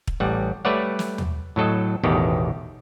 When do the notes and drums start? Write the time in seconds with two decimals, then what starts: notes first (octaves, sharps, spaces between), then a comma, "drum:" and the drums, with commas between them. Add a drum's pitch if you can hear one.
0.07 drum: kick
0.20 A1 G3 F#5
0.65 G3 A3 B4 C#5 D5 F#5
0.99 drum: snare
1.18 drum: tom
1.56 A2 F#3 A4 D#5
2.03 A1 E2 B2 D#3 G4